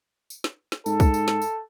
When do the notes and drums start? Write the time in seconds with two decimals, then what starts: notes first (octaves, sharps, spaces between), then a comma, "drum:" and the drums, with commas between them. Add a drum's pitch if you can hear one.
0.30 drum: tambourine
0.44 drum: snare
0.72 drum: snare
0.86 G#2 A4, drum: tambourine
1.00 drum: kick, tambourine
1.14 drum: tambourine
1.28 drum: snare
1.42 drum: tambourine